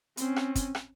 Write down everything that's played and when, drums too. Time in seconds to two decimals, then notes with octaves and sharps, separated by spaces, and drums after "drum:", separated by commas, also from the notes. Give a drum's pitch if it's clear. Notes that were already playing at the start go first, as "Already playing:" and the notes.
0.17 C4 C#4, drum: hi-hat
0.36 drum: rim click
0.55 drum: kick, hi-hat
0.75 drum: rim click